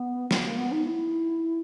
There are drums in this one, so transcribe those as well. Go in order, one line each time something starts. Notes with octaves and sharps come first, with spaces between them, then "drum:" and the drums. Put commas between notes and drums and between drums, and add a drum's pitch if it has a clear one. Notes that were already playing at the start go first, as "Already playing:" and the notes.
Already playing: B3
A#3, drum: snare
A#3
B3
D#4
E4